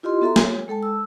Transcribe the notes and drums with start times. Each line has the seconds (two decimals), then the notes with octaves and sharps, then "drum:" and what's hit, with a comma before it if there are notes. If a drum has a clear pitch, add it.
0.03 E4 F4 G4 D#5 C6
0.21 B3 F#4 A4 E5 A#5 C6
0.36 C#5, drum: snare
0.68 G#3 A4 G5 A5
0.83 E6